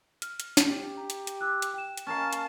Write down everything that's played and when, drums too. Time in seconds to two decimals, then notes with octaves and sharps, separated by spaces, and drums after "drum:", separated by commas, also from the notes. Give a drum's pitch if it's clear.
0.22 F6, drum: hi-hat
0.40 drum: hi-hat
0.57 drum: snare
0.69 G4
0.97 A#5
1.10 drum: hi-hat
1.27 drum: hi-hat
1.41 D6 E6 F#6
1.62 drum: hi-hat
1.74 G5 E7
1.97 drum: hi-hat
2.07 C#4 A#4 F5 A5
2.33 drum: hi-hat